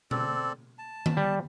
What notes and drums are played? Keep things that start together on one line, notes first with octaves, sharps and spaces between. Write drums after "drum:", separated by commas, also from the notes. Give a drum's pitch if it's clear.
C4 A4 D5, drum: tom B2
A5
drum: tom D#3
G3